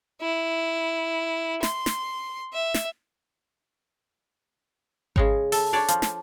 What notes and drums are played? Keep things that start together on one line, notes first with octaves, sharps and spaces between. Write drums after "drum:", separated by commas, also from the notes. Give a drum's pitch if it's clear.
E4
C6, drum: snare
drum: snare
E5
drum: snare
C#3 G#3 C#5, drum: kick G#1
A4, drum: open hi-hat
D4 C#5 D5
F3, drum: hi-hat
drum: snare